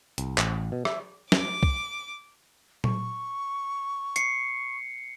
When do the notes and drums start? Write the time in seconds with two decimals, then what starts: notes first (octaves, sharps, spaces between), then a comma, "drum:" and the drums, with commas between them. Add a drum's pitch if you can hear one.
0.18 C2, drum: hi-hat
0.38 A1, drum: clap
0.72 B2
0.85 E5, drum: rim click
1.32 D6, drum: snare
1.63 drum: kick
2.84 C#6, drum: tom A#2
4.16 C7 C#7, drum: hi-hat